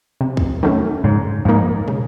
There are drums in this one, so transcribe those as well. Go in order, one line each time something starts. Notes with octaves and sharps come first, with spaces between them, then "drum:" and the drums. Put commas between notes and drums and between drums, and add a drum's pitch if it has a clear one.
C3
drum: kick
D#3 F#3 A3 C#4
G#2 C#3
G#2 F3 A#3 D#4
C#3, drum: tom